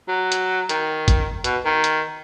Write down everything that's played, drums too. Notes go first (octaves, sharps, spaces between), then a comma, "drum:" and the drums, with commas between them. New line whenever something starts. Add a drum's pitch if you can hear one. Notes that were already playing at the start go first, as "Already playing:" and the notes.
F#3
drum: hi-hat
D#3, drum: hi-hat
drum: kick G1, hi-hat
B2, drum: hi-hat
D#3
drum: hi-hat